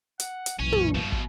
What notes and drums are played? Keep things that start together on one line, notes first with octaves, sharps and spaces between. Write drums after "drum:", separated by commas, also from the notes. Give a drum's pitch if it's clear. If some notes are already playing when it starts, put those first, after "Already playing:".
F#5, drum: hi-hat
drum: hi-hat
B1 F#2 A#2 E3 C#4
drum: tom
G1 B2 F3 G3
drum: kick